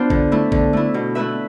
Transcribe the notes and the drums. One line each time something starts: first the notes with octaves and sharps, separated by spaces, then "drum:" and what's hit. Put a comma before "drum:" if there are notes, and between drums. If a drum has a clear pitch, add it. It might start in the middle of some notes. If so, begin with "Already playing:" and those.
Already playing: B3 D4 F4 C5
D3, drum: kick
A3 E4
D3, drum: kick
A3 E4
B2
A3 E4 B4 E5